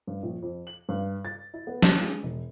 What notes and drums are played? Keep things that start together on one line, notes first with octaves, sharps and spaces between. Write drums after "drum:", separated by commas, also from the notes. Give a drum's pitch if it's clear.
G2
A#1
F2
F#7
G2
A6
E4
B3
G3, drum: snare
G#3
E1